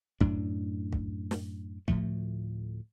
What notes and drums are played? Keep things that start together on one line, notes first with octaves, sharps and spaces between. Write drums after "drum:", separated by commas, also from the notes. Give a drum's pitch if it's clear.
F#2 A2 D4, drum: kick
drum: kick
drum: snare
D2 A2 F3 A3, drum: kick